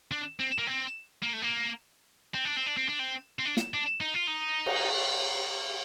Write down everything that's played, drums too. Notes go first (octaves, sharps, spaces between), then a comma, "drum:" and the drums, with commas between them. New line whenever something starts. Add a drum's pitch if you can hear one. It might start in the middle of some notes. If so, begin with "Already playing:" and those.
D4
C4
A#3
C4
A#3
A3
A#3
C4
D4
C4
D4
C4
D4
C4
C4
D4
drum: snare
D4
D#4
F4
D#4
drum: cymbal